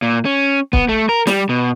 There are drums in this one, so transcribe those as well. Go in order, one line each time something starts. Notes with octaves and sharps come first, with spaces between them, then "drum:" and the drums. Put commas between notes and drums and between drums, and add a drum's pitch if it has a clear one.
A#2
C#4
B3, drum: kick
A3
A#4
G3, drum: snare
B2